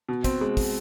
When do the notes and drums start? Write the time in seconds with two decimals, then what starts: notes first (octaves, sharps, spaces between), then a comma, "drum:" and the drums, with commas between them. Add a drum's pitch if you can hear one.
0.09 B2
0.24 C4, drum: kick, hi-hat
0.41 G#3
0.57 drum: kick, open hi-hat